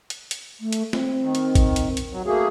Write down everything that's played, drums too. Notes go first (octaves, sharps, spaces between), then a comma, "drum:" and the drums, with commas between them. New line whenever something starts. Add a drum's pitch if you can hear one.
drum: hi-hat
drum: hi-hat
A3
drum: hi-hat
C4, drum: snare
D#3
drum: hi-hat
drum: kick, hi-hat
drum: hi-hat
drum: hi-hat
F#3
A3 A#3 F#4 G#4